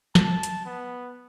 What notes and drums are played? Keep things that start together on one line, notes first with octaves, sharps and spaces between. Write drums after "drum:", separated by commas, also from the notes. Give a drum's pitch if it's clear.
A5, drum: snare
drum: hi-hat
B3